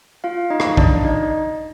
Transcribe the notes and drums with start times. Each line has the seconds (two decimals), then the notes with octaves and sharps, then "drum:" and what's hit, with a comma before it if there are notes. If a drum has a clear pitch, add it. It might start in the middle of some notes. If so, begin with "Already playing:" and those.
0.24 F4 F5
0.50 D#4 D#5
0.60 drum: rim click
0.77 D4 D5, drum: kick
1.05 D#4 D#5